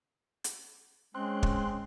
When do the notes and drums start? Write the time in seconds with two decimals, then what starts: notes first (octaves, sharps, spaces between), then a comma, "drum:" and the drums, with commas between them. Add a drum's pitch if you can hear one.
0.44 drum: hi-hat
1.15 G#3 C4 C#4 C6 F#6
1.43 drum: kick